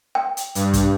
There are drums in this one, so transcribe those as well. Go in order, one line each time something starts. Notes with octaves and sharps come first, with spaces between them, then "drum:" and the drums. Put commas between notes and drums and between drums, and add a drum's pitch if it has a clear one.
G5
drum: hi-hat
G2, drum: hi-hat
drum: kick, hi-hat